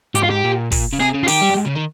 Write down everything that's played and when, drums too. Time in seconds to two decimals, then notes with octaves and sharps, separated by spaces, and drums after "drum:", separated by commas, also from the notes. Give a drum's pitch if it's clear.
0.15 G#2 G4, drum: hi-hat
0.23 F4
0.30 G4
0.44 A#2
0.72 A#2, drum: kick, open hi-hat
0.93 C#3
1.00 C3 G#4
1.14 C#3
1.23 F4
1.28 D#3 G4, drum: open hi-hat
1.42 G3
1.50 G2
1.56 G#2
1.65 C#3
1.76 D#3